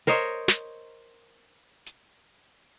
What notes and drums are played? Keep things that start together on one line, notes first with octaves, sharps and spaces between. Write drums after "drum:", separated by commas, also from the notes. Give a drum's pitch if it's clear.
A#4 C5 C#5 D#5, drum: hi-hat
drum: snare
drum: hi-hat